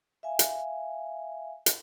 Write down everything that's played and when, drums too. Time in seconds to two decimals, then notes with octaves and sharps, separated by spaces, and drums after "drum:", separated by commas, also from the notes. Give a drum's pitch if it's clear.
0.23 E5 F5 G#5
0.39 drum: hi-hat
1.66 drum: hi-hat